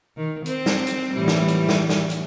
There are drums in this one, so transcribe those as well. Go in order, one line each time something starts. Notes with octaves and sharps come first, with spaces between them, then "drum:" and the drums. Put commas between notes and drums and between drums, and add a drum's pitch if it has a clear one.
D#3
C4, drum: hi-hat
drum: snare
drum: hi-hat
A2 E3 G3
drum: snare
drum: hi-hat
drum: snare
drum: snare
drum: hi-hat